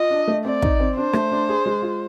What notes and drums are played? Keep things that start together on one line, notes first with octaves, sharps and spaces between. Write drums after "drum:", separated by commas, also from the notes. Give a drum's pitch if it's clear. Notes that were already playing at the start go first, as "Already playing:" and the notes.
Already playing: F4 D#5
D4
A3
C4 D5
D#4, drum: kick
C4
D4 C5
A3, drum: rim click
D4
G#4
G#3
F4